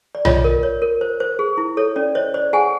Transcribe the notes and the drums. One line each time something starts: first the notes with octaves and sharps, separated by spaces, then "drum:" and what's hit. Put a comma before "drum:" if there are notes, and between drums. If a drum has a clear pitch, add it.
D5
F4 C#5 D#5, drum: tom B1
A#4
C#5
A#4
C5
C5
G#4
E4
A4 C#5
C#4 D5
C5 C#5 D#5
C5 D5
G#4 F#5 G#5